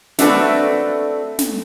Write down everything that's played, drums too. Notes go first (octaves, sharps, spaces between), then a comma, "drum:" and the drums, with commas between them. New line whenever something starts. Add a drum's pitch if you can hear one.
A3 C4 D4 F#4 A4 B4, drum: snare
drum: snare